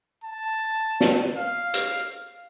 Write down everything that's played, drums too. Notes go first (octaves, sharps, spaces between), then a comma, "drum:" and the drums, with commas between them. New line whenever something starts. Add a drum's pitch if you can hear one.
A5
drum: snare
F5
drum: hi-hat